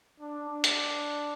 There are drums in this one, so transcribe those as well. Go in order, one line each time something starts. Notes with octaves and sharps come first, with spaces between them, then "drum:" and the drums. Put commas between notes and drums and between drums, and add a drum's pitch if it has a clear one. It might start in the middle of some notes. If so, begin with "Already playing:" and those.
D4
D4
drum: hi-hat